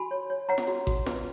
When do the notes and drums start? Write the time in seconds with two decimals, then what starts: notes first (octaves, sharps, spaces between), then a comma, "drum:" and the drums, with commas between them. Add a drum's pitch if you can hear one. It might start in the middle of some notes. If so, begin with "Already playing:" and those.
Already playing: F#4 G#5 B5
0.11 C#5
0.30 C#5
0.49 C#5 F#5 A#5
0.58 drum: snare F4
0.67 F#4
0.87 F#4, drum: kick A1
1.06 B4, drum: snare F4